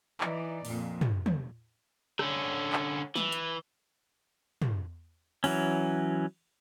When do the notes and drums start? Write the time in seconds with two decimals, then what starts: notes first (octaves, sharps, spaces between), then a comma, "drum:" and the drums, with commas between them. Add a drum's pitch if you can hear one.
0.21 E3 D#4 D5, drum: clap
0.65 F2 A#2, drum: open hi-hat
1.01 drum: tom
1.26 drum: tom
2.19 D3 C#4, drum: rim click
2.73 drum: clap
3.16 E3, drum: snare
3.32 drum: hi-hat
4.62 drum: tom
5.44 E3 F#3 C#4, drum: cymbal